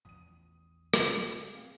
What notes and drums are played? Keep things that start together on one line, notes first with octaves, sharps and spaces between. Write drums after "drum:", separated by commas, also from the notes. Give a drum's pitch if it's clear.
A1 E2 F3 D#6 D#7
drum: rim click
G2 B2 G#3
C4 G#4 F5 G5